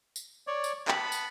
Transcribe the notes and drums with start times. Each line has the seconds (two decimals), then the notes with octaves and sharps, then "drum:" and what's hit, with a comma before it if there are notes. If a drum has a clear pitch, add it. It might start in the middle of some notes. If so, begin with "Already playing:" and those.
0.16 drum: tambourine
0.47 C#5 D5
0.64 drum: tambourine
0.88 B3 A5 B5, drum: clap
1.12 drum: tambourine